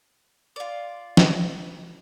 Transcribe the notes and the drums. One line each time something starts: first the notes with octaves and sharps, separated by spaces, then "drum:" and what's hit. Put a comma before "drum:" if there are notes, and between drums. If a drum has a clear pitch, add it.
F4 D5
drum: snare